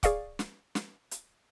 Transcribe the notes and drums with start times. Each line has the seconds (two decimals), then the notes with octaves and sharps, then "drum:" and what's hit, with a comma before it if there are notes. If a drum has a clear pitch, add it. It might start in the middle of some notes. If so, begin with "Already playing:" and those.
0.03 G#4 D5 F5 C#6, drum: kick, hi-hat
0.39 drum: snare
0.75 drum: snare
1.11 drum: hi-hat